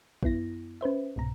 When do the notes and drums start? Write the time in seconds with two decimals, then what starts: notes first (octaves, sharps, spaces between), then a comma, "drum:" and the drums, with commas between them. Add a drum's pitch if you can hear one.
0.23 F#2 B3 E4 A#6, drum: kick
0.81 C#4 B4 C5 E5
1.16 C2 G#2 B2 A#5